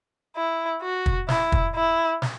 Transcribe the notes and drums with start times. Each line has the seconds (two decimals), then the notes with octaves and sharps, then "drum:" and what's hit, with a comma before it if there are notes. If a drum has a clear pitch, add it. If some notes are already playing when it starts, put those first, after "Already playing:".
0.36 E4
0.82 F#4
1.06 drum: kick
1.28 E4, drum: snare
1.52 drum: kick
1.75 E4
2.22 drum: snare